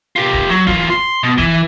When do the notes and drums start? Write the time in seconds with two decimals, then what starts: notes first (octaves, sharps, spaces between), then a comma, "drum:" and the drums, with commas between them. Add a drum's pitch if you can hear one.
0.16 F4 G4
0.33 drum: kick D1
0.50 F#3
0.67 E3 F4, drum: kick D1
0.90 C6
1.23 B2
1.38 E3, drum: kick D1